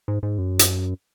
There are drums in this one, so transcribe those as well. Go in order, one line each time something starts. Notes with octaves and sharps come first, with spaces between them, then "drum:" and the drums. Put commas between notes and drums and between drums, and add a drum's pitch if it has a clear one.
G#2
G#2
F#2
drum: hi-hat